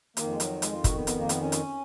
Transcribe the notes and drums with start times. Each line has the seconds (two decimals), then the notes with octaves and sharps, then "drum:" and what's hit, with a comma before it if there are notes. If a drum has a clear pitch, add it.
0.17 F2 D#3 A#3, drum: hi-hat
0.31 G#3
0.40 F#3, drum: hi-hat
0.62 G#3, drum: hi-hat
0.73 F4
0.84 F#4, drum: kick, hi-hat
0.95 B3
1.07 B3, drum: hi-hat
1.19 A#3
1.29 B3, drum: hi-hat
1.41 C#4
1.52 drum: hi-hat